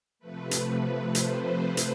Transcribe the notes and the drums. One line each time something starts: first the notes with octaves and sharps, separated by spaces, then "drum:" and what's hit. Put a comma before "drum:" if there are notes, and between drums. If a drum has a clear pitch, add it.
C3 F3 A3 B4
drum: hi-hat
B4
C5, drum: hi-hat
C5
drum: hi-hat